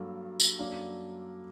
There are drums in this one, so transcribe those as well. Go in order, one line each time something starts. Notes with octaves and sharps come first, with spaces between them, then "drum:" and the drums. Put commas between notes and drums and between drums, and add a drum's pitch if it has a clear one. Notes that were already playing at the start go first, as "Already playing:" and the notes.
Already playing: G2 F#3 A#3 A4
drum: tambourine
F#2 F#3 A#3 D4